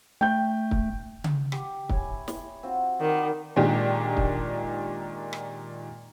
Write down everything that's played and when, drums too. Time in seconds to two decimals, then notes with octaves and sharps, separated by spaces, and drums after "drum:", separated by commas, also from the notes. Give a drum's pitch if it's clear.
0.21 A3 G5 G6
0.71 drum: kick
1.24 drum: tom C#3
1.52 G4, drum: rim click
1.89 E4 C#5 G#5, drum: kick
2.28 drum: snare
2.63 C4 F4 F#4
3.01 D#3 D5 F#5 B5
3.56 A#2 D#3 G#3 D4 G4
4.17 drum: kick
5.33 drum: rim click